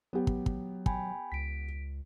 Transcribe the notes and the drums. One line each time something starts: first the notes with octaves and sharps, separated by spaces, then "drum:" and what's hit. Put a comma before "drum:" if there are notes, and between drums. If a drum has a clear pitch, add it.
F#3 B3 G4
drum: kick
drum: kick
G5 G#5 B5, drum: kick
C#2 B6 D7